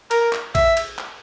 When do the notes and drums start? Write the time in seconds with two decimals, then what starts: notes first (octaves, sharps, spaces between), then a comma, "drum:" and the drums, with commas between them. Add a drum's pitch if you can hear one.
0.11 A#4, drum: cymbal
0.33 drum: clap
0.55 E5, drum: kick, cymbal
0.77 drum: cymbal
0.99 drum: clap